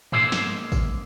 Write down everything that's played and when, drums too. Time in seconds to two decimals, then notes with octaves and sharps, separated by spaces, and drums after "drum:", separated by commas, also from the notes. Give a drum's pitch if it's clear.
0.12 G#3 A#3 G#4 C5 E5, drum: tom G2
0.32 drum: snare
0.72 drum: kick G#1, tambourine